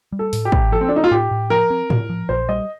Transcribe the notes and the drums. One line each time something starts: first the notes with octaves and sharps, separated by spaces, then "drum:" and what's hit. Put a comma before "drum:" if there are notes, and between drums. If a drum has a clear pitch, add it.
G3
A4
A2, drum: open hi-hat
G4
A2, drum: kick
F3 A4
C4
D4
C4 D#4
F4
A2 G4
A2
F3 A#4
C4
A2, drum: tom A2
F3
A#1 C5
G3 D#5